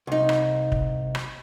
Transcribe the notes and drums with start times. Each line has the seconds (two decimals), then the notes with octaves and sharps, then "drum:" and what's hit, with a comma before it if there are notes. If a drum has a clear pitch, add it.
0.07 C2 D#4
0.29 drum: rim click
0.72 drum: kick
1.15 drum: rim click